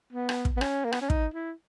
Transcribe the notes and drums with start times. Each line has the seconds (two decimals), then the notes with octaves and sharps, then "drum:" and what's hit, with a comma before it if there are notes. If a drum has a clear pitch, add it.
0.13 B3
0.29 drum: rim click
0.45 drum: kick
0.57 B3
0.61 C#4, drum: rim click
0.85 A#3
0.92 B3, drum: rim click
1.01 C#4
1.10 D#4, drum: kick
1.34 E4